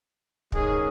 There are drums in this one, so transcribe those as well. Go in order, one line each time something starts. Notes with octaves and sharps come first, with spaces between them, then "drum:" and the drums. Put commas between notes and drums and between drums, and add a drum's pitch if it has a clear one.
G#2 D#3 G#3 C#4 G#4, drum: kick